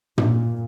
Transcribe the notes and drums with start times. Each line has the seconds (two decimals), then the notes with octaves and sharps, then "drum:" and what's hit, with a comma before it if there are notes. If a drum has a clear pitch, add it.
0.18 A#2, drum: tom